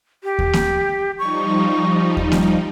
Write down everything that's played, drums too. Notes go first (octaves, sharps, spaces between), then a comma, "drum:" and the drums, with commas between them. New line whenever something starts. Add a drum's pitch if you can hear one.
G4
drum: kick D#2
drum: snare A#3
F3 G3 D#4 C#6
drum: kick D#2
drum: snare A#3